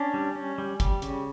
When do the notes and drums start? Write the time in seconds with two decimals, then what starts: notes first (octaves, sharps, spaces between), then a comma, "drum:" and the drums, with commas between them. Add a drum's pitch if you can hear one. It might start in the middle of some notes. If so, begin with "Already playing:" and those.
Already playing: C#4 D4
0.14 G3
0.35 C#4
0.58 G3
0.80 G3, drum: kick G1, hi-hat
1.02 C#3, drum: hi-hat